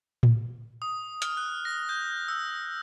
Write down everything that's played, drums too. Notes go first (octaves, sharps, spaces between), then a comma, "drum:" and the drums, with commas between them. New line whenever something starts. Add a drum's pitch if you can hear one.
drum: tom A2
D#6
F6, drum: hi-hat
F#6
A#6
G6
E6